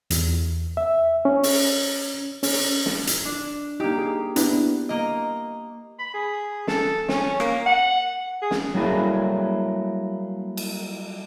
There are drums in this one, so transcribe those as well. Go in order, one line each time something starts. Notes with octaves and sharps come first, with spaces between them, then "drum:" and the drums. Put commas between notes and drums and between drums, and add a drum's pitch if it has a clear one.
E2, drum: hi-hat
E5
C#4
drum: open hi-hat
C#4, drum: open hi-hat
drum: snare
drum: hi-hat
D4
A#3 D#4 G4
G#4
B3 D4 E4, drum: hi-hat
A#3 D#5
B5
G#4
A4, drum: snare
C#4, drum: snare
A#3, drum: rim click
F#5
G#4
drum: snare
F#3 G3 A3 A#3 E4 G#4
drum: cymbal